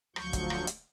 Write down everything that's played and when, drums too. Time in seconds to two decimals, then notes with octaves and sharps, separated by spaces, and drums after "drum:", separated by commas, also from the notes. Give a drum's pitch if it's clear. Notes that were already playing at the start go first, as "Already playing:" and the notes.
0.16 D2 F3 F#3 C#6 G6, drum: rim click
0.33 drum: kick, hi-hat
0.50 drum: rim click
0.67 drum: hi-hat